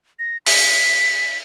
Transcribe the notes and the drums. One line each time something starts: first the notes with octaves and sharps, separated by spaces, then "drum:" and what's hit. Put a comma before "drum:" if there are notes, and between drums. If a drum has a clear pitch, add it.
A#6
B6, drum: open hi-hat